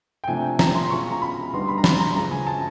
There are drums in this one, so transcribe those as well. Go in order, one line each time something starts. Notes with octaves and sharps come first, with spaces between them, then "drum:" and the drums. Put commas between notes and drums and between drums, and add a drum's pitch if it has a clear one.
G5
C3 F3 A3 D4 G#5
A#5, drum: snare
C6
B2 G#3 C#4 F4 C#6
A#5
B5
D2 D3 G3 B3 D#4 C6
B5
A#5
B5, drum: snare
A#5
F#2 C#3 F3 G#3 A#5
G#5
A5